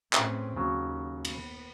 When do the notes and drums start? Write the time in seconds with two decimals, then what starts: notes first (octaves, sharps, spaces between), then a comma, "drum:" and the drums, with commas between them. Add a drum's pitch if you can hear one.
0.13 A2 C4 C#4 G#4 B4, drum: clap
0.56 D#2 C#3 F#3
1.25 B3, drum: cymbal